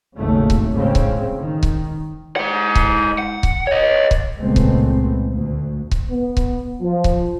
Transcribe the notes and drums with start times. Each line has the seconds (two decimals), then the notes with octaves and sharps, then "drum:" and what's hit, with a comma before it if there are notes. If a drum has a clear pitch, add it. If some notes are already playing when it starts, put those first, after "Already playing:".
0.16 G#1 D#2 A2 C#3 A3
0.50 drum: kick C#1
0.75 A2 C#3 G#3 C4
0.95 drum: kick C#1
1.39 D#3
1.63 drum: kick C#1
2.36 G#3 F#5
2.75 drum: kick C#1
3.18 F#5
3.43 drum: kick C#1
3.67 C#5 D#5
4.11 drum: kick C#1
4.40 C#2 A#2 G#3 A3 B3 C4
4.56 drum: kick C#1
5.32 D2
5.91 drum: kick C#1
6.09 B3
6.37 drum: kick C#1
6.82 F3
7.04 drum: kick C#1